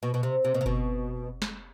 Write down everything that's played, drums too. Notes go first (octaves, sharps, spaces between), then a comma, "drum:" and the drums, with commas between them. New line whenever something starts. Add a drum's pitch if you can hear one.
B2
B2
C3
C3
B2
C3
B2, drum: kick F#1
drum: snare